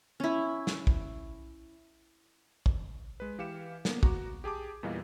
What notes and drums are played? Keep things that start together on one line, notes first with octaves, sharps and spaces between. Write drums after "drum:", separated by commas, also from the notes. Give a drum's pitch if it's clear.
C#4 E4
drum: snare
drum: kick
drum: kick
G#3 B4
E3 G4 F5 C#7 E7
A#3 B3, drum: snare
F#4 A#5 D6, drum: kick
G4 G#4 A5 D6
E2 A#2 E3 G3 D#5 F5